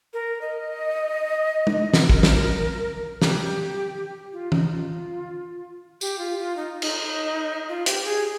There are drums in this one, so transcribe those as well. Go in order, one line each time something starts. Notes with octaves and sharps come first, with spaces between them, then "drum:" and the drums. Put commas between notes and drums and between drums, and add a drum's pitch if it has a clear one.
A#4
D#5
drum: tom
drum: snare
A#4, drum: kick
drum: snare
G4, drum: snare
F4
D#4, drum: tom
F4
G4, drum: tambourine
F4
F4
D#4
D#4, drum: cymbal
F4
G4, drum: hi-hat
G#4